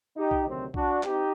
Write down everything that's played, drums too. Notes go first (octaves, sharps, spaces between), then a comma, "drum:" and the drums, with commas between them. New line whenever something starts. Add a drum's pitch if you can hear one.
D#4 G4
drum: kick B1
D2 C3 D#3 F#3 C4
D4 F#4, drum: kick B1
C4 D#4 G4, drum: clap